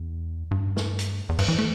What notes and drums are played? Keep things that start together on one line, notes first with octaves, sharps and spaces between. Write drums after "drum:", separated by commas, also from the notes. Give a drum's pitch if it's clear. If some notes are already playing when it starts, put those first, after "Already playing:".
Already playing: E2
G2
drum: snare
drum: hi-hat
E2
G2, drum: cymbal
E3
A3